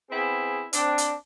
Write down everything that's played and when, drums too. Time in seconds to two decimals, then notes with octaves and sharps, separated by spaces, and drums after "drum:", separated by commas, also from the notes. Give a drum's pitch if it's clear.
0.11 B3 C4 E4 G#4
0.73 C4 D4, drum: hi-hat
0.98 drum: hi-hat